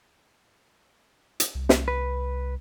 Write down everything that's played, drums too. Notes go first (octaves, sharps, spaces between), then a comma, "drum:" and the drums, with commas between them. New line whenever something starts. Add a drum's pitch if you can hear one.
drum: hi-hat
C2
drum: snare
B4